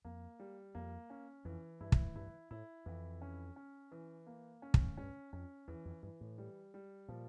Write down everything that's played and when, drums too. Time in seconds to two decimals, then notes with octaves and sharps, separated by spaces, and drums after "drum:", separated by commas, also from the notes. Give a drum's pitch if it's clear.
0.05 F2 A#3
0.39 G3
0.75 F2 A#3
1.10 C#4
1.45 F2 E3
1.81 G2 E4
1.92 drum: kick
2.16 G2 E4
2.51 A2 E4
2.86 F2 E3
3.22 C#4
3.56 C#4
3.92 E3
4.27 A#3
4.62 C#4
4.74 drum: kick
4.97 G2 C#4
5.33 F2 C#4
5.68 E2 E3
5.85 F2
6.03 G2 E3
6.21 A2
6.38 G3
6.74 G3
7.08 A#2 F3